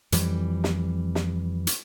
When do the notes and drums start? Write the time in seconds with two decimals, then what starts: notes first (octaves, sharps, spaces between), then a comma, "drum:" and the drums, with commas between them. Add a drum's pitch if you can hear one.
0.12 F2 E3 G3, drum: hi-hat
0.64 drum: snare
1.15 drum: snare
1.67 drum: hi-hat